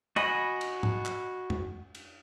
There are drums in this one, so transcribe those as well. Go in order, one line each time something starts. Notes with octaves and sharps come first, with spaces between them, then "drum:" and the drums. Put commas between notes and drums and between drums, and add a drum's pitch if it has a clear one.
F#4 D#5 G#5 B5, drum: cymbal
drum: cymbal
drum: tom
drum: clap
drum: tom
drum: cymbal